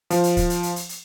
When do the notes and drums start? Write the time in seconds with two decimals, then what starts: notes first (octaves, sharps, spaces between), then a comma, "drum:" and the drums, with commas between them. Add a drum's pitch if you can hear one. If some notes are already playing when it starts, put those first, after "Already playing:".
0.10 F3, drum: hi-hat
0.24 drum: hi-hat
0.37 drum: kick, hi-hat
0.50 drum: hi-hat
0.63 drum: hi-hat
0.76 drum: hi-hat
0.89 drum: hi-hat